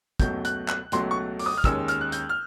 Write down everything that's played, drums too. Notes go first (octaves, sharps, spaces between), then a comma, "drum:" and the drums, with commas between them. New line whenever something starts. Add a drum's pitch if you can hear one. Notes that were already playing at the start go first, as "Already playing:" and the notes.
C#2 B2 F#3 A3 G6, drum: kick, hi-hat
F#6, drum: hi-hat
F#6, drum: clap
C#2 B2 F#3 A3 C6, drum: hi-hat
C#6
D6, drum: open hi-hat
D#6
F6
D#2 D#3 G#3 C#4 E6, drum: kick, hi-hat
F6, drum: hi-hat
F#6
G6, drum: hi-hat
F6